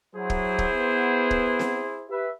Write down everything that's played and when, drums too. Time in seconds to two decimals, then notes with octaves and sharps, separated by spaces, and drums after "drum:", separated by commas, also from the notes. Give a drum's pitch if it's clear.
0.15 F#3 E4 G#4 C5
0.30 drum: kick
0.59 drum: kick
0.72 B3
1.31 drum: kick
1.59 drum: snare C4
2.09 G4 B4 E5